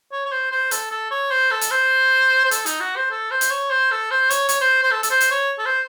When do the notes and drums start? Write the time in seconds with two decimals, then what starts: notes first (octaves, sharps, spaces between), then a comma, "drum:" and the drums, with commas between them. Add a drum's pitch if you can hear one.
0.12 C#5
0.25 C#5
0.32 C5
0.52 C5
0.71 A4, drum: hi-hat
0.91 A4
1.11 C#5
1.31 C5
1.51 A4
1.61 drum: hi-hat
1.71 C5
2.45 C5
2.51 A4, drum: hi-hat
2.66 D#4, drum: hi-hat
2.81 F#4
2.97 C5
3.11 A4
3.31 C5
3.41 drum: hi-hat
3.51 C#5
3.71 C5
3.91 A4
4.11 C5
4.30 C#5, drum: hi-hat
4.49 C#5, drum: hi-hat
4.61 C5
4.83 C5
4.91 A4
5.03 A4, drum: hi-hat
5.11 C5
5.21 drum: hi-hat
5.31 C#5
5.59 A4
5.65 C5